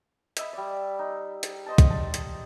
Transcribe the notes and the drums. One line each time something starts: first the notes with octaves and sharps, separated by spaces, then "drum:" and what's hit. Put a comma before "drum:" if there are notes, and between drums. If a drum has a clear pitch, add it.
D#5 E5 B5, drum: hi-hat
G3 D5
D#4
drum: hi-hat
C5 D#5 A5
drum: kick, hi-hat
A5
drum: hi-hat